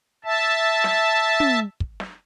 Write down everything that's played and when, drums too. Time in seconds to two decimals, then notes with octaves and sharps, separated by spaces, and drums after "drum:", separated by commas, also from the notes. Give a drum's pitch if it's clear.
0.24 E5 A5
0.84 drum: snare
1.40 drum: tom
1.80 drum: kick
2.00 drum: snare